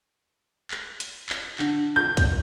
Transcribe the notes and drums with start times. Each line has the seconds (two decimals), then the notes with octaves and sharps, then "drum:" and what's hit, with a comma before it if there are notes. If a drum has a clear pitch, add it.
0.71 drum: clap
1.00 drum: hi-hat
1.29 drum: clap
1.59 D3, drum: clap
1.96 G6
2.17 drum: kick, hi-hat